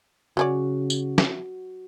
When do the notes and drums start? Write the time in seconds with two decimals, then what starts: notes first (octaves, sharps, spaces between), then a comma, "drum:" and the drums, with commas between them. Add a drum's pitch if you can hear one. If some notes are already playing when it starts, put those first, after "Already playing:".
0.37 C#3 F#3 C#4 F#4 D5
0.90 drum: tambourine
1.18 drum: snare